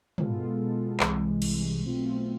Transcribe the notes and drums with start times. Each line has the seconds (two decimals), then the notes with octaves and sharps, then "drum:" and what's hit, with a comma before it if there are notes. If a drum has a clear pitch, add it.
0.18 B2 G#3 B3 F4 A4, drum: tom
0.59 B2 G#3 B3 F4 A4
1.00 C2 C3 E3 G#3, drum: clap
1.42 C2 C3 E3 G#3, drum: cymbal
1.83 B1 B2 A3 C4 F4